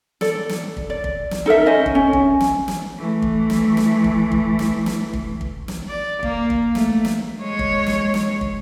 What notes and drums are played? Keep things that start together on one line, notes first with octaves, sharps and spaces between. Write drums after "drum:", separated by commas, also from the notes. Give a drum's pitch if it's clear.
A4 D5, drum: snare
drum: snare
drum: kick
D5
drum: kick
drum: snare
D#4 A4 A#4 E5
C#4 C5 D#5
drum: kick
C#4
drum: kick
drum: snare
drum: snare
E3 A3
drum: kick
drum: snare
drum: snare
drum: kick
drum: kick
drum: snare
drum: snare
drum: kick
drum: kick
drum: snare
D5
A#3, drum: kick
drum: kick
A3, drum: snare
drum: snare
G#3 C#5
drum: kick
drum: snare
drum: snare
drum: kick